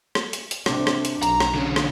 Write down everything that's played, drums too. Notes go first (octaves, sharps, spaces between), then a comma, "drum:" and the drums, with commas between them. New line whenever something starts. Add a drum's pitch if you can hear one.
drum: rim click
drum: hi-hat
drum: hi-hat
C3 D4, drum: rim click
drum: rim click
drum: hi-hat
B1 A#5, drum: hi-hat
drum: rim click
D3 C#4
drum: rim click